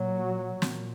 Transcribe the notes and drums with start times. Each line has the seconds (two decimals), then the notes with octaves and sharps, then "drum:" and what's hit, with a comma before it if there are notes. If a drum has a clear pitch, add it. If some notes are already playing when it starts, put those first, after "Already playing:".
Already playing: A#2 F#3
0.62 A#2, drum: snare